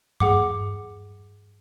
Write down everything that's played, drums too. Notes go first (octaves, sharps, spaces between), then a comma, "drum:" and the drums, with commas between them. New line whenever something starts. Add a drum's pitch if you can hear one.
G#4 F#5 D6, drum: tom G2